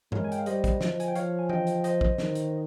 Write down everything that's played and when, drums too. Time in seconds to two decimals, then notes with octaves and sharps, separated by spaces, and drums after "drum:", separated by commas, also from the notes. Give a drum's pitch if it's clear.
0.12 G#3 A#4 C#5, drum: tom G2
0.24 G#5
0.32 G5, drum: hi-hat
0.39 F5
0.46 G3 C5 D#5, drum: hi-hat
0.64 drum: kick, hi-hat
0.81 F3, drum: snare
1.00 G#5, drum: hi-hat
1.08 G5
1.15 F3 C#5 F5, drum: hi-hat
1.39 G#5
1.49 D#5 G5, drum: tom E3
1.67 drum: hi-hat
1.84 C5 D#5, drum: hi-hat
2.01 drum: kick
2.18 D#3, drum: snare
2.35 drum: hi-hat